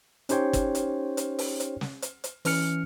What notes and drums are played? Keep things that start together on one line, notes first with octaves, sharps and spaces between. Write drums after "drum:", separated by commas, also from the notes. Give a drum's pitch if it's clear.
C#4 D#4 G4 C5 C#5 G5, drum: hi-hat
drum: kick, hi-hat
drum: hi-hat
drum: hi-hat
drum: open hi-hat
drum: hi-hat
drum: snare
drum: hi-hat
drum: hi-hat
E3 C#4 F6 C#7, drum: open hi-hat